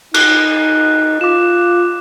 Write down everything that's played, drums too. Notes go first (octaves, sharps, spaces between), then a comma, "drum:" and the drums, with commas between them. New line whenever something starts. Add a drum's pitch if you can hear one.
D#4 F#6, drum: cymbal
F4 D6 E7